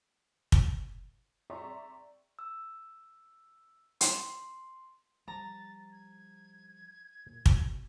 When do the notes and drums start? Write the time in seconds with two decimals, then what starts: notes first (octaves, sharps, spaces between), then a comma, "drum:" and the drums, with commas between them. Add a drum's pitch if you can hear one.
0.52 drum: kick
1.50 D5 E5 G5 A#5 C6 C#6
2.39 E6
4.01 C6, drum: hi-hat
5.28 F3 G3 A#5 A6
5.92 G#6
7.26 A#2
7.46 B2, drum: kick